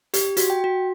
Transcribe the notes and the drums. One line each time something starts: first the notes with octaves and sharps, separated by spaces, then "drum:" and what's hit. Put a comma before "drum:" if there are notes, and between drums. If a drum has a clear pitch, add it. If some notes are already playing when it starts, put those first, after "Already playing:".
G4, drum: hi-hat
F#4, drum: hi-hat
G5
F#4